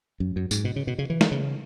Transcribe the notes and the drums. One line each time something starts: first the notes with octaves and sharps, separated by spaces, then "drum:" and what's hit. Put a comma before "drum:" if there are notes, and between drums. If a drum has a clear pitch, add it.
F#2
F#2
G#2, drum: tambourine
B2
C#3
B2
C#3
E3
drum: snare
C#3